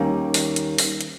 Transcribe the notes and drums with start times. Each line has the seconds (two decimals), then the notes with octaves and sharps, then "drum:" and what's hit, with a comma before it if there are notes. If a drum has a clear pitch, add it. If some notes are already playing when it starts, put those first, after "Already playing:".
Already playing: D#2 D#3 G3 A#3 C#4
0.34 drum: open hi-hat
0.56 drum: hi-hat
0.78 drum: open hi-hat
1.01 drum: hi-hat